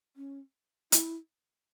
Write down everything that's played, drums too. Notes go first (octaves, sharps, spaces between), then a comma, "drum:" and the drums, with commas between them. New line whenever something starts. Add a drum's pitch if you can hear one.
C#4
E4, drum: hi-hat